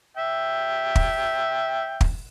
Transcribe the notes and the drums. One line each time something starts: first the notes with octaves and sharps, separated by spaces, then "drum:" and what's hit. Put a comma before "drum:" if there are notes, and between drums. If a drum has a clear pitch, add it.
E5 G5
drum: kick
drum: kick